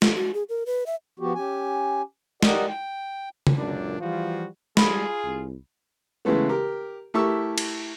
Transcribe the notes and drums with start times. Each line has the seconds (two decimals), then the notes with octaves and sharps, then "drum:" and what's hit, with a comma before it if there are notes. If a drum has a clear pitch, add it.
0.02 F4, drum: snare
0.16 F#4
0.34 G#4
0.49 A#4
0.66 B4
0.86 E5
1.20 F3 B3 F#4 G4
1.35 C#4 G4 G#5
2.43 G4 A#4 D5 D#5 F#5, drum: snare
2.67 G5
3.47 drum: tom C#3
3.58 C#2 F#2 A#2 D4
4.00 E3 F3 G3 F4 F#4
4.77 G3 F4 G#4 B5, drum: snare
5.24 C2
6.25 C#3 E3 G#3 A3 B3
6.49 G4 A#4
7.14 A3 E4 G4 A#4 C#6 E6
7.58 drum: cymbal